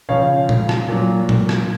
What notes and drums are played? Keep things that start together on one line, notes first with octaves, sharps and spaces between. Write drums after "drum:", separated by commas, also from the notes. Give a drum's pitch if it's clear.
C#3 F3 C#5 F5
drum: tom A#2
drum: rim click
A#2 F#3
drum: tom A#2
drum: rim click